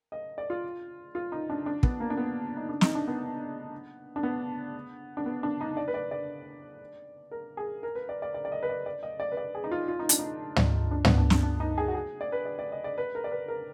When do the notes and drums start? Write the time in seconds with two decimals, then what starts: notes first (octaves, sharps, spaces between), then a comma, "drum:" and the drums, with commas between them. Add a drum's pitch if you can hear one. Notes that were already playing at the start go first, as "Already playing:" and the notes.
0.12 D#5
0.38 D5
0.50 F4
1.15 F4
1.32 D#4
1.50 D4
1.66 D4
1.83 B3, drum: kick
2.00 A#3
2.10 D4
2.17 B3
2.57 D#4
2.69 D4
2.81 D#4, drum: snare
2.95 D4
3.08 B3
4.16 D4
4.23 B3
5.17 D4
5.26 B3
5.43 D4
5.61 D#4
5.77 D5
5.88 B4
5.94 D5
6.11 D5
7.31 A#4
7.57 G#4
7.83 A#4
7.95 B4
8.09 D5
8.22 D5
8.34 D5
8.45 D5
8.52 D#5
8.63 B4
8.69 D5
8.86 D5
9.03 D#5
9.20 D5
9.32 B4
9.37 D5
9.55 G#4
9.64 D#4
9.72 F4
9.88 F4
9.99 D#4
10.09 D4, drum: hi-hat
10.19 D#4
10.56 drum: tom
10.91 D4
11.05 B3, drum: tom
11.18 D4
11.30 D4, drum: snare
11.43 D4
11.60 D#4
11.78 G#4
11.88 F#4
11.95 G#4
12.21 D5
12.32 B4
12.45 D5
12.59 D5
12.72 D#5
12.84 D5
12.98 B4
13.15 A#4
13.24 D5
13.31 B4
13.48 A#4